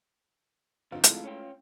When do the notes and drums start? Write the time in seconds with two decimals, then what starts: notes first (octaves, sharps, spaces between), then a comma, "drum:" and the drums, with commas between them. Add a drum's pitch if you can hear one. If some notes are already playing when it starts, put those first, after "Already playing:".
0.92 G1 F3 C4 D#4 F4
1.04 G#3 A3 E4, drum: hi-hat
1.24 C#4 C#5 G5